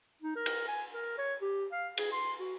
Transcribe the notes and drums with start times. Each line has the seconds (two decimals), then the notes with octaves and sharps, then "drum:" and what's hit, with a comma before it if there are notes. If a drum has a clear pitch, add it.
0.22 D#4
0.36 A#4
0.46 drum: cymbal
0.68 G#5
0.93 A#4
1.18 C#5
1.41 G4
1.72 F5
1.98 G#4, drum: cymbal
2.12 C6
2.39 F#4